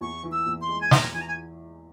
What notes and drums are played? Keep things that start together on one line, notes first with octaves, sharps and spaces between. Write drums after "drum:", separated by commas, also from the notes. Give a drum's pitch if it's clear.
E2 C#6
E3
E6
E2
C6
G#3
G#5
E2 A#5, drum: snare
E3 G#5
A#5
G#5